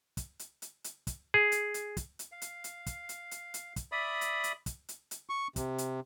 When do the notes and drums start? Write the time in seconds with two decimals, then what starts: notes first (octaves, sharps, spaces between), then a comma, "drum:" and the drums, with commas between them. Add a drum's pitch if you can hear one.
0.17 drum: kick, hi-hat
0.39 drum: hi-hat
0.62 drum: hi-hat
0.84 drum: hi-hat
1.07 drum: kick, hi-hat
1.34 G#4
1.52 drum: hi-hat
1.74 drum: hi-hat
1.97 drum: kick, hi-hat
2.19 drum: hi-hat
2.32 F5
2.42 drum: hi-hat
2.64 drum: hi-hat
2.86 drum: kick, hi-hat
3.09 drum: hi-hat
3.31 drum: hi-hat
3.54 drum: hi-hat
3.76 drum: kick, hi-hat
3.92 D5 E5 B5 D#6
4.21 drum: hi-hat
4.44 drum: hi-hat
4.66 drum: kick, hi-hat
4.89 drum: hi-hat
5.11 drum: hi-hat
5.30 C#6
5.56 C3, drum: kick, hi-hat
5.78 drum: hi-hat